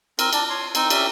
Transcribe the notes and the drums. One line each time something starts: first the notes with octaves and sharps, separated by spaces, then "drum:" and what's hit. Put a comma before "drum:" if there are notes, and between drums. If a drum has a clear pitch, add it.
C4 A#4, drum: cymbal
D4 D5, drum: cymbal
C#5 C6
C4 D#4, drum: cymbal
C#4 G4 D5 E5, drum: cymbal